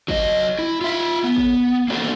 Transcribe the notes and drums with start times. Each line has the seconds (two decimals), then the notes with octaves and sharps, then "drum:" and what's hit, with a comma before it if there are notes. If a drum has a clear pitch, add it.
0.08 F#3 D#5, drum: kick
0.59 E4
0.81 F4 E5
1.24 B3
1.36 drum: kick
1.88 A#3 C#4 D4 F#4 A4